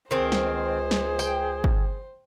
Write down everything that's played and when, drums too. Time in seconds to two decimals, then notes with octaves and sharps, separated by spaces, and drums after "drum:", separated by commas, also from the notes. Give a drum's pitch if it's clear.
0.11 C#2 D#3 C4 G#4 C5
0.32 drum: snare
0.91 drum: snare
1.19 G5, drum: tambourine
1.64 drum: kick